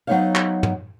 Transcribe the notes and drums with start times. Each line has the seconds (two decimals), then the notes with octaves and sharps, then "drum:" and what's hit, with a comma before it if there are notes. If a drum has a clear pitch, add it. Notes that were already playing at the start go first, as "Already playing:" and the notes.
0.07 F#3 B3 D#4 C5 C#5 F5
0.35 drum: clap
0.63 drum: tom